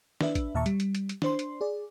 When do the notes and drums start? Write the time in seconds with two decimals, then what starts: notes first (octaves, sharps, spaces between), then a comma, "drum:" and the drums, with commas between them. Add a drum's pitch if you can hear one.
0.21 D4 B4 E5, drum: snare
0.35 drum: kick A1, hi-hat
0.54 D#2 A#2 E5 A5 A#5 C#6
0.66 G3, drum: hi-hat
0.80 drum: hi-hat
0.95 drum: hi-hat
1.09 drum: hi-hat
1.22 D4 C5 C6, drum: snare
1.39 drum: hi-hat
1.61 G#4 D5